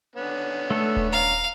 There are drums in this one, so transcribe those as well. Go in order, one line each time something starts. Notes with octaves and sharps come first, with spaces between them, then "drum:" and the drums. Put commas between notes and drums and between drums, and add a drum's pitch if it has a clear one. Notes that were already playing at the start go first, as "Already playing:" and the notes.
D3 B3 C#4
A3 A4
drum: kick D#1
F5 A#5